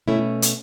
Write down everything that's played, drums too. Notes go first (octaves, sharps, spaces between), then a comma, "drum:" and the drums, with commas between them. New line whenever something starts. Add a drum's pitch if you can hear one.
B2 A3 C#4 E4
drum: hi-hat